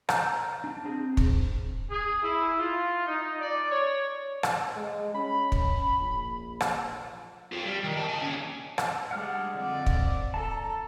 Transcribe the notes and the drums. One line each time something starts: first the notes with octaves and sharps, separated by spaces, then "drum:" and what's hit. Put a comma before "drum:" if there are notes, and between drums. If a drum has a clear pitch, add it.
A#5 F6 G6, drum: rim click
D4
C4 G#4
drum: kick
G#4
E4
F4
D#4
D5
C#5
drum: rim click
G#3
C#4 B5
drum: kick
A#1
drum: rim click
F4 A4
G3
D#3
D#5 A5
C#3 G#5
D#2 C#4
drum: rim click
G3 G#3 D4 F#5 F6
F2 D3 D5
drum: kick
A4 A5 A#5